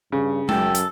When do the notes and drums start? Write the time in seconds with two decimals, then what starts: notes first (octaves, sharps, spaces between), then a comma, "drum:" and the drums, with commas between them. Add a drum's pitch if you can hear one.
0.12 G2 C#3
0.49 F#2 A4 G5, drum: tom G#3
0.75 drum: hi-hat